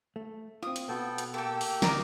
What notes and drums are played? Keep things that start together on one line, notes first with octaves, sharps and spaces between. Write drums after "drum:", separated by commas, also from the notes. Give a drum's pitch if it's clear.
A3
C4 F4 D#6
drum: hi-hat
B2 B3 F#4 A4 G5
drum: hi-hat
A#3 G4 A4 G5 E6
drum: open hi-hat
D2 A#4 D#5 D6, drum: snare